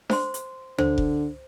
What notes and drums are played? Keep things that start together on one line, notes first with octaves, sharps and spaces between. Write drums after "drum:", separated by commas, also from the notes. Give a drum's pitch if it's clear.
C5 C6, drum: snare D4
drum: hi-hat
D3 C5, drum: tom D2
drum: kick F1